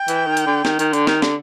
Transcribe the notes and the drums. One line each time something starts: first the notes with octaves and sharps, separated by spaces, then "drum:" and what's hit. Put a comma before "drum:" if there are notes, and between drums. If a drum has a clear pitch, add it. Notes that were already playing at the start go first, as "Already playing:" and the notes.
Already playing: G5
E3, drum: hi-hat
D#3
drum: hi-hat
D3
D#3, drum: snare
D#3, drum: hi-hat
D3, drum: hi-hat
D#3, drum: snare
D3, drum: snare